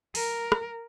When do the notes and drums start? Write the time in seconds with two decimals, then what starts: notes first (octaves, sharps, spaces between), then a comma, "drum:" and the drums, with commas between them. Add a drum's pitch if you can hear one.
0.15 A#4, drum: open hi-hat
0.52 drum: rim click